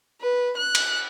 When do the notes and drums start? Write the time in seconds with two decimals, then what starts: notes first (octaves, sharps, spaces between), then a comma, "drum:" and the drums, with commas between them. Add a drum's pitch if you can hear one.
0.20 B4
0.57 F#6
0.75 drum: cymbal